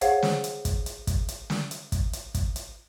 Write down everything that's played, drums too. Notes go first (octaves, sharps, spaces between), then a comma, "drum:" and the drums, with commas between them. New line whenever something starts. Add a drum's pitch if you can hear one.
G#4 C5 C#5 F5 F#5, drum: hi-hat
drum: snare
drum: hi-hat
drum: kick, hi-hat
drum: hi-hat
drum: kick, hi-hat
drum: hi-hat
drum: snare
drum: hi-hat
drum: kick, hi-hat
drum: hi-hat
drum: kick, hi-hat
drum: hi-hat